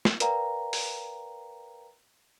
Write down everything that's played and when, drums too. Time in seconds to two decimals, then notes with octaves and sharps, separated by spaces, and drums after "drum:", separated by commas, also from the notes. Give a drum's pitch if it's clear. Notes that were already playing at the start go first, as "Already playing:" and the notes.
0.05 drum: snare
0.20 A#4 B4 D5 F5 G5 A#5, drum: hi-hat
0.73 drum: open hi-hat